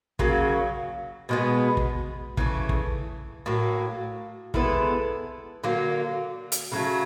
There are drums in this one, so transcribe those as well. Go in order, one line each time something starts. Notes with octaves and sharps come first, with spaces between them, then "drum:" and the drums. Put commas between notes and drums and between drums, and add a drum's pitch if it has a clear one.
C#3 F#3 A#3 C#4, drum: kick
B2 G#3 B3
drum: kick
C#3 E3 A3, drum: kick
drum: kick
A2 F#3 A#3
G#3 B3 E4 A4, drum: kick
D3 F#3 A#3
drum: hi-hat
C#3 F#3 A3